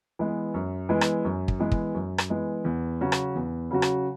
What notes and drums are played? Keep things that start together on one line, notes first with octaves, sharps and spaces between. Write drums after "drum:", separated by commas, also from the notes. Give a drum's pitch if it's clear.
E3 G#3 B3
F#2
E3 G#3 B3
drum: rim click
F#2
drum: kick
E3 G#3 B3
drum: kick
F#2
drum: rim click
E3 G#3 B3
E2
C#3 F#3 C#4 F#4
drum: rim click
E2
C#3 F#3 C#4 F#4
drum: rim click